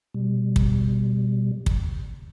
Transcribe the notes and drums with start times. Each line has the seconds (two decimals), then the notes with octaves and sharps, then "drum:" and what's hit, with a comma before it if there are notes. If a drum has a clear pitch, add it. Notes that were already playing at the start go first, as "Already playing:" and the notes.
0.14 B2 G3
0.56 drum: kick
1.66 drum: kick